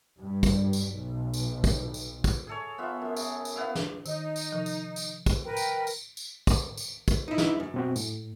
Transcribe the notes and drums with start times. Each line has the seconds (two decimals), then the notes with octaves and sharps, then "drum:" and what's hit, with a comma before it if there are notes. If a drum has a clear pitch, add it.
0.20 G2
0.43 drum: kick, tambourine
0.73 drum: tambourine
0.90 B1
1.34 drum: tambourine
1.64 drum: kick, tambourine
1.94 drum: tambourine
2.24 drum: kick, tambourine
2.47 G#4 A4 C#5
2.78 B3 F4 E5
3.02 F#2
3.17 C#3, drum: tambourine
3.45 drum: tambourine
3.56 B3 E4 F5
3.75 drum: snare
4.06 D#3 D#4, drum: tambourine
4.36 drum: tambourine
4.52 C3 F3
4.66 drum: tambourine
4.96 drum: tambourine
5.26 drum: kick, tambourine
5.45 A#4 B4 G5
5.57 drum: tambourine
5.87 drum: tambourine
6.17 drum: tambourine
6.47 drum: kick, tambourine
6.77 drum: tambourine
7.08 drum: kick, tambourine
7.28 D#4 E4
7.38 drum: snare
7.60 F#2
7.74 B2 C4 F#4
7.96 A2, drum: tambourine